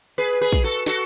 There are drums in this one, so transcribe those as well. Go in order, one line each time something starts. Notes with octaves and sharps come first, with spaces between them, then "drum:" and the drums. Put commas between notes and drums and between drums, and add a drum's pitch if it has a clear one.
G#4 B4
G#4 B4
drum: kick
F#4 A4
F#4 A4, drum: snare